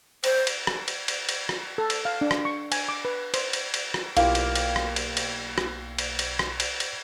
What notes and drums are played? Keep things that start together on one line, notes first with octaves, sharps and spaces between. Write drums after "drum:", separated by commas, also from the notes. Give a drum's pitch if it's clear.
C5, drum: cymbal
drum: cymbal
drum: rim click
drum: cymbal
drum: cymbal
drum: cymbal
drum: rim click
A4
drum: cymbal
F5
D4
drum: rim click
C#6
G#5, drum: cymbal
D6
B4
C5, drum: cymbal
drum: cymbal
drum: cymbal
drum: rim click
B1 A#3 E4 F4 G4 F5, drum: cymbal
drum: cymbal
drum: cymbal
drum: rim click
drum: cymbal
drum: cymbal
drum: rim click
drum: cymbal
drum: cymbal
drum: rim click
drum: cymbal
drum: cymbal